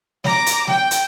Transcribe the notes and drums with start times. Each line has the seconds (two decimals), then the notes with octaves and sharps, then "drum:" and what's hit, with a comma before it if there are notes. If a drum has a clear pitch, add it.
0.24 A#5 D6, drum: snare
0.46 drum: hi-hat
0.67 G5, drum: snare
0.91 drum: hi-hat